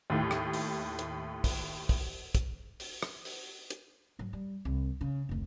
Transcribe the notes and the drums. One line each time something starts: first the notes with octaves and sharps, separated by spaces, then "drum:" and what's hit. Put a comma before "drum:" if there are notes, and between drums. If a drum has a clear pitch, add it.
D#2 A2
drum: rim click
drum: open hi-hat
drum: hi-hat
drum: kick, open hi-hat
drum: kick, open hi-hat
drum: kick, hi-hat
drum: open hi-hat
drum: rim click
drum: open hi-hat
drum: hi-hat
G#2 F#3
G3
C2
C#3
F1 D2